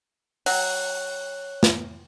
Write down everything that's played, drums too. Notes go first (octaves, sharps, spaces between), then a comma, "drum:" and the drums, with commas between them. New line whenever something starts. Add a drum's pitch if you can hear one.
F#3 C#5 F#6, drum: open hi-hat
drum: snare